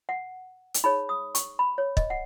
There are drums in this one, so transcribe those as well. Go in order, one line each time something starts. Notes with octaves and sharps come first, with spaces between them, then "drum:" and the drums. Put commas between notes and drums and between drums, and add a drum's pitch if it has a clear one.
F#5
drum: hi-hat
D#4 G#4 C#5 B5
D#6
C#6, drum: hi-hat
B5
C#5
D#5, drum: kick
F#5